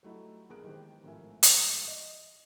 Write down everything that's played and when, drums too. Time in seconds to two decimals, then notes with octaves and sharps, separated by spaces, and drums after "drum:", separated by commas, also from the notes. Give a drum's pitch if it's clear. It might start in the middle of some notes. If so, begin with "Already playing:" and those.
0.03 F#3 G3 A3 D#4 E4 F#4
0.50 A#1 B3 G#4 A#4 F#6 D7
0.64 D#3 E3 G#3 G4 C5
1.04 G#1 A2 F3 A#4 E5 G#5
1.43 drum: hi-hat
1.88 D#5